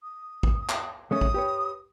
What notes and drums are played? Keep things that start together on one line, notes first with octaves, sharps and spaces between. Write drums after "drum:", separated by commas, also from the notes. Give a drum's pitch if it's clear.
D#6
drum: kick
drum: clap
G#3 A3 C#4 D#6
drum: kick
G4 B4 C#5